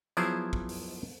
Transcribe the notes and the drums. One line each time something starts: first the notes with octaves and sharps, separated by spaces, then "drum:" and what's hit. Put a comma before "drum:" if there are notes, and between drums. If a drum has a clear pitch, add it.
F3 F#3 B3 E4 G#4 C5, drum: tambourine
drum: kick
drum: open hi-hat